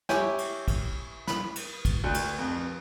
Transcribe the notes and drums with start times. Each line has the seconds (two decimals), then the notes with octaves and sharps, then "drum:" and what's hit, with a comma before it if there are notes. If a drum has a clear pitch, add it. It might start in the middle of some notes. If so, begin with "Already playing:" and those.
0.09 E4 G4 C#5 G5 G#5, drum: snare
0.38 drum: cymbal
0.68 drum: kick, cymbal
1.27 B5, drum: snare
1.56 drum: cymbal
1.85 drum: kick, cymbal
2.04 D2
2.14 drum: cymbal
2.39 F2